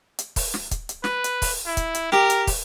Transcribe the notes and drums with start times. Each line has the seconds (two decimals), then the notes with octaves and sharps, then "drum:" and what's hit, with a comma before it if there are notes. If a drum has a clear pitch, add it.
0.19 drum: hi-hat
0.36 drum: kick, open hi-hat
0.54 drum: snare
0.71 drum: kick, hi-hat
0.89 drum: hi-hat
1.04 B4, drum: snare
1.24 drum: hi-hat
1.42 drum: kick, open hi-hat
1.66 E4
1.77 drum: kick, hi-hat
1.95 drum: hi-hat
2.12 G4 A#4, drum: snare
2.30 drum: hi-hat
2.47 drum: kick, open hi-hat